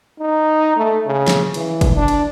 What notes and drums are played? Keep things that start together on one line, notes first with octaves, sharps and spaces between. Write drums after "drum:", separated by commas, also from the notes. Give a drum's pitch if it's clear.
D#4
A3
C#3
drum: snare
E3, drum: cymbal
drum: kick, cymbal
D4
drum: cymbal